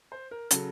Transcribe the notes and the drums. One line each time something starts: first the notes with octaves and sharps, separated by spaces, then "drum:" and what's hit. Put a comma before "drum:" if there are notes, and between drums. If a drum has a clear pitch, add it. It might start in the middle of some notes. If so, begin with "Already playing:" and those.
C5
A#4
C#3 F#3 A4, drum: hi-hat